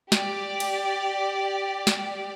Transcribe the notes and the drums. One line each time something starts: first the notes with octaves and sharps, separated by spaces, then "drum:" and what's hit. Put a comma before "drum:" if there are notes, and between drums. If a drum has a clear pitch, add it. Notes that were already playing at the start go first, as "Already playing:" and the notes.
G4 D5, drum: snare
drum: cymbal
drum: snare